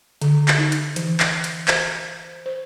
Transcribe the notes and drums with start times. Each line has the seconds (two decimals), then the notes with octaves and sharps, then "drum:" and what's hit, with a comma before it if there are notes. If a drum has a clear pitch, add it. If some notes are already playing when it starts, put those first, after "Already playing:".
0.22 D3, drum: hi-hat
0.48 drum: clap
0.58 D#4
0.72 drum: hi-hat
0.96 E3, drum: hi-hat
1.20 drum: clap
1.44 drum: hi-hat
1.68 C5, drum: clap
2.46 C5